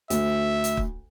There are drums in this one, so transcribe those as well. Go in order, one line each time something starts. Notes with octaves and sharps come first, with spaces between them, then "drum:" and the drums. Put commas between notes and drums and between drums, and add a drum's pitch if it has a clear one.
D2 E5, drum: hi-hat
drum: hi-hat
drum: kick